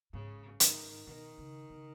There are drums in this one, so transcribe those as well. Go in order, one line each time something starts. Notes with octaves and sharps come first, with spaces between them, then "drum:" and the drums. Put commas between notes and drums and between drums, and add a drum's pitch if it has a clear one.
G#2 C#3
G#2 D#3, drum: hi-hat
B2 D#3
C#3
C#3